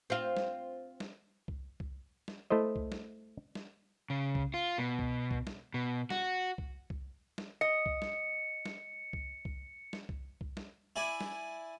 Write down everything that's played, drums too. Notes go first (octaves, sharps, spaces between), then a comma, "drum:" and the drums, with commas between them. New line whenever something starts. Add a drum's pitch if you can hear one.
C4 F4
drum: snare
drum: snare
drum: kick C2
drum: kick C2
drum: snare
A3 E4 C5 D#5
drum: kick C2
drum: snare
drum: snare
C#3
drum: kick C2
F4
B2
drum: kick C2
drum: kick C2
drum: snare
B2
F#4, drum: snare
drum: kick C2
drum: kick C2
drum: snare
D#5 C#7
drum: kick C2
drum: snare
drum: snare
drum: kick C2
drum: kick C2
drum: snare
drum: kick C2
drum: kick C2
drum: snare
E4 D5 G#5
drum: snare